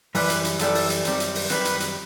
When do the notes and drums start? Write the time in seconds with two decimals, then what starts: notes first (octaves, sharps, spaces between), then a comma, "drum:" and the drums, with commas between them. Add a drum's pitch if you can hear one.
0.15 F#2 E3 G3 B4, drum: open hi-hat
0.30 drum: hi-hat
0.45 drum: hi-hat
0.59 F#2 E3 G3 A4, drum: hi-hat
0.75 drum: open hi-hat
0.90 drum: hi-hat
1.05 F#2 D#3 G3 C4, drum: hi-hat
1.20 drum: hi-hat
1.35 drum: open hi-hat
1.50 F#2 D#3 G3 C4 B4, drum: hi-hat
1.65 drum: hi-hat
1.80 drum: hi-hat